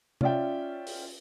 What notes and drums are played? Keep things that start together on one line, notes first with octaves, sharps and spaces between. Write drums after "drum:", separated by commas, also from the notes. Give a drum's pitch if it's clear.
C#4 F4 D5 E5 G5, drum: tom C3
drum: open hi-hat